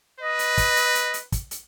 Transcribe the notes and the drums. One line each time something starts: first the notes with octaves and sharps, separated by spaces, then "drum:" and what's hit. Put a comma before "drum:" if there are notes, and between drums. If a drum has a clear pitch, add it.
B4 D#5
drum: hi-hat
drum: kick, hi-hat
drum: hi-hat
drum: hi-hat
drum: hi-hat
drum: kick, hi-hat
drum: hi-hat